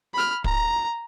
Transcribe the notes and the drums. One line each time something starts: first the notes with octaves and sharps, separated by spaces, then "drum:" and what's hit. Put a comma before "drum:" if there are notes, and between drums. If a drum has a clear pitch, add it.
B5 F6
A#5, drum: kick